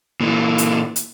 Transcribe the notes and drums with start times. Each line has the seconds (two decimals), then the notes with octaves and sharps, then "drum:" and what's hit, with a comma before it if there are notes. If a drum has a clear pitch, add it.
0.21 A#2 E3
0.58 drum: hi-hat
0.96 drum: hi-hat